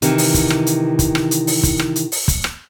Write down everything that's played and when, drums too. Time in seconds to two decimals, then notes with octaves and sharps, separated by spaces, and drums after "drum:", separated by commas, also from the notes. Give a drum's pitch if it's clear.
0.02 C3 D#3 E3, drum: hi-hat
0.18 drum: open hi-hat
0.34 drum: kick, hi-hat
0.50 drum: rim click
0.67 drum: hi-hat
0.99 drum: kick, hi-hat
1.15 drum: rim click
1.31 drum: hi-hat
1.47 drum: open hi-hat
1.63 drum: kick, hi-hat
1.79 drum: rim click
1.96 drum: hi-hat
2.12 drum: open hi-hat
2.28 drum: kick, hi-hat
2.44 drum: rim click